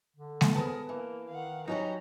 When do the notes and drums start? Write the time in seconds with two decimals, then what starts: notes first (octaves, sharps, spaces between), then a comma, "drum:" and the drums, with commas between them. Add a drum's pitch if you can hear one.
0.16 D3
0.41 drum: snare G#3
0.55 B3 G#4 A#4 A5 D#6
0.89 E3 A#3
1.29 D#3 F5 F#5
1.68 F#3 G3 C#4 D#4 F#4 A#5